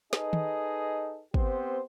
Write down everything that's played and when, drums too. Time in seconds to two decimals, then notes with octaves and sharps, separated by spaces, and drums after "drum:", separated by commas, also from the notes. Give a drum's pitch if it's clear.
0.13 D#4 G#4 A4 B4 D#5, drum: snare
0.33 drum: tom
1.34 B3 C4 G4 B4 C5, drum: kick